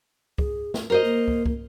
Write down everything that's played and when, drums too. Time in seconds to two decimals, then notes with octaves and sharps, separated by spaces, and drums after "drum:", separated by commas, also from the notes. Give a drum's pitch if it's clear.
0.38 G#4, drum: kick
0.74 drum: snare
0.90 F#4 A#4 C5 D#5
1.04 A#3
1.28 drum: kick
1.46 drum: kick